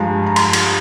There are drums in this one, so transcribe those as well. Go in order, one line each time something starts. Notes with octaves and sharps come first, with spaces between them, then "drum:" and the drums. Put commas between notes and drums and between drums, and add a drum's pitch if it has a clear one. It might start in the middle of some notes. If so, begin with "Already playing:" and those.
Already playing: G2 F3 G#3 A#5
A#5
C6, drum: cymbal
drum: cymbal